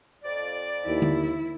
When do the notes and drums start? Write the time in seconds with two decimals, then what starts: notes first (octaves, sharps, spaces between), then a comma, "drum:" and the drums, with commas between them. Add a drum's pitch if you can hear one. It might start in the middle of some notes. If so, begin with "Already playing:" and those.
0.24 F2 D5
0.86 D#2 E4
1.02 drum: tom D3